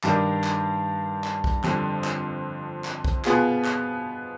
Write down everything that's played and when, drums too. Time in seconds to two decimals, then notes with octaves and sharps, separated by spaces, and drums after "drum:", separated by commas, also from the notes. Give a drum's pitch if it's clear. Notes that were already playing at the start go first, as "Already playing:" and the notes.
0.04 G2 D#3 G3 D4, drum: clap
0.44 drum: clap
1.24 drum: clap
1.44 drum: kick B1
1.64 F2 D3 G3, drum: clap
2.04 drum: clap
2.84 drum: clap
3.05 drum: kick B1
3.25 B2 B3 F4 G#4, drum: clap
3.65 drum: clap